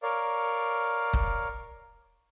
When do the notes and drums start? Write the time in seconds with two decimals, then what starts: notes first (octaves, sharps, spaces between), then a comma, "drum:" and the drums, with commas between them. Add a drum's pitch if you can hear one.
0.03 A#4 C#5 D5 F5
1.13 drum: kick